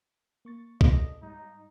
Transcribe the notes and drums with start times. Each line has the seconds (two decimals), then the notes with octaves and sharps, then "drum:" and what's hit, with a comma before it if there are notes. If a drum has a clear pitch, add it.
0.45 A#3 C#6 A6
0.81 G#4 A4 D5 D#5, drum: kick C2
1.22 G#2 G3 D#4